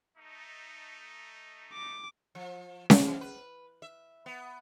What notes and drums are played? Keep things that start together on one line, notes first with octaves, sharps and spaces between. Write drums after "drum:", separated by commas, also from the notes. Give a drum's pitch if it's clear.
A3 D#4
D6
F3
drum: snare C#4
E3
B4
E5
B3